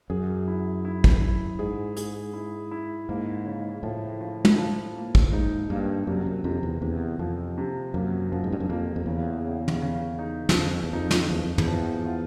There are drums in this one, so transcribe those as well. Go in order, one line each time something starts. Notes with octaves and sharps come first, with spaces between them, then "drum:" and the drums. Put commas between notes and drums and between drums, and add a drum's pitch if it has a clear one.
F#2 G#4
E4
E4
drum: kick
E4
G#2 G#4
G#4, drum: hi-hat
E4
E4
G#2 A#3
C#3
A2 F3
F3
drum: tom
F3
A#3
drum: kick
G#2 D#4
G2 A#3
F#2 C3
F#2
F2 C3
E2
E2 C3
F2 F3
C3
F#2 A#3
F#2 F3
G#2
G2
F#2
F2 A#3
F2
E2 C#3
C#3
drum: tom
C#3
D#4
E2, drum: snare
F2 F3
E2
F2 D#4
drum: snare
E2 F3
F2
E2, drum: tom
F3
F4